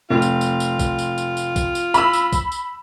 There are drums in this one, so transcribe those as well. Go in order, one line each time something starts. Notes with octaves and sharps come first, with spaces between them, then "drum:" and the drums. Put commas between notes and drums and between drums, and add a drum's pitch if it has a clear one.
F1 F4
drum: tambourine
drum: tambourine
drum: tambourine
drum: kick A#1, tambourine
drum: tambourine
drum: tambourine
drum: tambourine
drum: kick A#1, tambourine
drum: tambourine
B5 E6, drum: tambourine
drum: tambourine
drum: kick A#1, tambourine
drum: tambourine